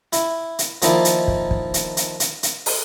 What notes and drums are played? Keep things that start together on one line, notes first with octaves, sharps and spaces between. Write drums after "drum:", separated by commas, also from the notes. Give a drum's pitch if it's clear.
E4, drum: hi-hat
drum: hi-hat
D#3 F3 A#3 D#4 E4 D5, drum: hi-hat
drum: hi-hat
drum: kick
drum: kick
drum: hi-hat
drum: hi-hat
drum: hi-hat
drum: hi-hat
drum: open hi-hat